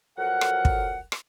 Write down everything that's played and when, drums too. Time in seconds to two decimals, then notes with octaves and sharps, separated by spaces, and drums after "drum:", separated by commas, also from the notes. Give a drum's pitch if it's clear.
0.18 F2 F#3 A4 A#4 F#5
0.41 drum: rim click
0.65 drum: kick
1.12 drum: rim click